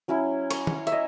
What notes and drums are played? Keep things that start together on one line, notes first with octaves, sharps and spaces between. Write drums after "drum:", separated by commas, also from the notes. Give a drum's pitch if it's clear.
F#3 C#4 E4
C#5, drum: cymbal
drum: tom
E5, drum: hi-hat
D#5